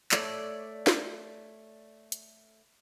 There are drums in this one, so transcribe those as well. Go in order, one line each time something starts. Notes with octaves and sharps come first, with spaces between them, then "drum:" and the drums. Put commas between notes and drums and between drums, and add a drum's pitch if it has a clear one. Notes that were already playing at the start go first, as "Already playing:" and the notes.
A3 A4 C#5 D5, drum: clap
drum: snare
drum: hi-hat